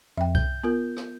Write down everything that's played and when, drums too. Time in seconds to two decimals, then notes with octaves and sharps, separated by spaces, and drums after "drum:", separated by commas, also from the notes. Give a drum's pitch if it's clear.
0.17 F2 E5 G5
0.35 G6, drum: kick C2
0.64 B3 F4 A#4
0.97 drum: rim click